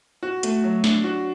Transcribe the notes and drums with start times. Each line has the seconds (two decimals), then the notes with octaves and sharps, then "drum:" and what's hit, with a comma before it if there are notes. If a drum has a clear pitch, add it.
0.23 F#4
0.43 A3, drum: hi-hat
0.64 F#3
0.84 D4, drum: snare
1.04 F#4